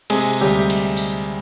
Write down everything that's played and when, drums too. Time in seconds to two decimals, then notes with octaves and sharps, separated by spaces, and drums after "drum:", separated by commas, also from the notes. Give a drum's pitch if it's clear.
0.10 C3 G#3 G#4, drum: cymbal
0.41 D2 G3 G4
0.70 drum: cymbal
0.97 drum: tambourine